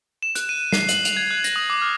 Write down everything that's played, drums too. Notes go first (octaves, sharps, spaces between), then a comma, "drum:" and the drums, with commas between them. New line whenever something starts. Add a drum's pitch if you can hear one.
E7
F#6, drum: hi-hat
D#7
C7, drum: snare
F#7, drum: hi-hat
F7, drum: hi-hat
G#6
F#6
A#6, drum: hi-hat
D#6
D6
F6